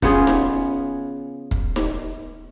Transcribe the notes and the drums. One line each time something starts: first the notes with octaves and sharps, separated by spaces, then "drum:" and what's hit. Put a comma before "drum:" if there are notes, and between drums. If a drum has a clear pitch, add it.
C#3 B3 F4 G#4, drum: kick
drum: snare D#4
drum: kick
drum: snare D#4